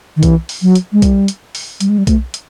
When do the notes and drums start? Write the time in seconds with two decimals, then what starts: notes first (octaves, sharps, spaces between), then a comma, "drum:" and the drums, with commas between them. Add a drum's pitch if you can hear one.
0.16 D#3
0.23 E3, drum: kick B1, hi-hat
0.49 drum: open hi-hat
0.62 F#3
0.75 drum: hi-hat
0.93 G#3
1.02 G3, drum: kick B1, hi-hat
1.28 drum: hi-hat
1.55 drum: open hi-hat
1.80 G3, drum: hi-hat
1.89 G#3
1.98 G3
2.07 A3, drum: kick B1, hi-hat
2.34 drum: hi-hat